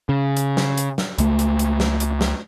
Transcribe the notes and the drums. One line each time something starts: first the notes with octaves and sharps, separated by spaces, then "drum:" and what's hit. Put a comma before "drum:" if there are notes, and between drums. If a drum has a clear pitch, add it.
C#3
drum: hi-hat
drum: snare
drum: hi-hat
drum: snare
C#2 A3, drum: hi-hat
drum: hi-hat
drum: hi-hat
drum: snare
drum: hi-hat
drum: snare